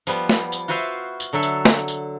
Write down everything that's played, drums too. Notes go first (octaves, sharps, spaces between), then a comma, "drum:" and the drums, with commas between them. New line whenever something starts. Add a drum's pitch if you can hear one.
F3 G3 B3, drum: tambourine
drum: snare
drum: tambourine
F4 F#4 B4 C5 E5 F5
drum: tambourine
D3 F#3 A4 E5
drum: tambourine
drum: snare
drum: tambourine